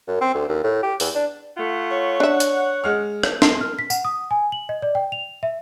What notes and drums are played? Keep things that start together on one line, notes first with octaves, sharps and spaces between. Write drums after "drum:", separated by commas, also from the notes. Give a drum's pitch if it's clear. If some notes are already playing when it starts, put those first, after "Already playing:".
F#2
C4
D2
D#2
A2
G4
E2, drum: open hi-hat
D4
A3 F4 F#5
C#5
D4 E5 F#5
drum: hi-hat
G#3 F6
drum: rim click
C7, drum: snare
F6
B6
F#5, drum: tambourine
D#6
G#5
F#7
D#5
D5
G5
F7
E5